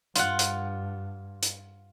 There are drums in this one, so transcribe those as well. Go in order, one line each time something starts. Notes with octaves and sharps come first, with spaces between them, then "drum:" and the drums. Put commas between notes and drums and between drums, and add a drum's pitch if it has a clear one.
G2 F4 F#5, drum: hi-hat
drum: hi-hat
drum: hi-hat